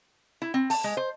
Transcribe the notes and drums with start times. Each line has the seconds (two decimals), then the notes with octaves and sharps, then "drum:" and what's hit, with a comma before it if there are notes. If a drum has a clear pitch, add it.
0.42 E4
0.54 C4
0.70 A5, drum: open hi-hat
0.84 G#3
0.97 C5